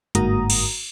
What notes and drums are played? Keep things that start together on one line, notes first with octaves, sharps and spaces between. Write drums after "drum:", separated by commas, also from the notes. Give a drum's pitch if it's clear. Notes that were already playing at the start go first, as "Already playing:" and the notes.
G1 G#2 A#3 F#4 A#5 D#6, drum: hi-hat
drum: cymbal